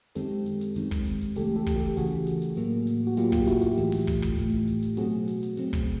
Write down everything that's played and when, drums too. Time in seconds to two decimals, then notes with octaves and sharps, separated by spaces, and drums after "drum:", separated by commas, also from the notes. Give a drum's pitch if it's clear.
0.15 F#2 D#3 G#3 C4 G4 A4, drum: hi-hat
0.46 drum: hi-hat
0.61 drum: hi-hat
0.76 F#2 D#3 G#3 C4, drum: hi-hat
0.91 drum: kick, hi-hat
1.06 drum: hi-hat
1.21 drum: hi-hat
1.36 C#3 E3 A3 G4 A4, drum: hi-hat
1.56 G4 A4
1.66 drum: kick, hi-hat
1.76 G4 A4
1.97 C#3 E3 A3 F#4 G#4, drum: hi-hat
2.27 drum: hi-hat
2.42 drum: hi-hat
2.57 A2 F#3 A#3, drum: hi-hat
2.87 drum: hi-hat
3.07 F#4
3.17 A2 F#3 A#3 F4 G4, drum: hi-hat
3.32 F4 G4, drum: kick, hi-hat
3.47 E4 F#4, drum: hi-hat
3.62 F4 G4, drum: hi-hat
3.77 A2 E3 A3, drum: hi-hat
3.92 drum: open hi-hat
4.07 drum: kick, hi-hat
4.22 drum: kick, hi-hat
4.38 A2 E3 A3, drum: hi-hat
4.67 drum: hi-hat
4.82 drum: hi-hat
4.97 B2 F#3 A3 C4 F#4 G#4, drum: hi-hat
5.28 drum: hi-hat
5.43 drum: hi-hat
5.57 B2 F#3 A3 C4, drum: hi-hat
5.73 drum: kick